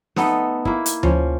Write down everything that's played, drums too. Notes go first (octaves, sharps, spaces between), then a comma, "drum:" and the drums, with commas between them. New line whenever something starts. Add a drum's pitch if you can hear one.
A3 B3 D#4 A4, drum: snare
A#3 E4, drum: kick
drum: hi-hat
F3 C#4, drum: tom D2